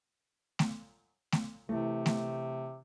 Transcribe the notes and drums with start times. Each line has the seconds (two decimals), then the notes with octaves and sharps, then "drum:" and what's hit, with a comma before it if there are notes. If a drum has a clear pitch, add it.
0.59 drum: snare A3
1.32 drum: snare A3
1.69 C3 E3 A3
2.06 drum: snare A3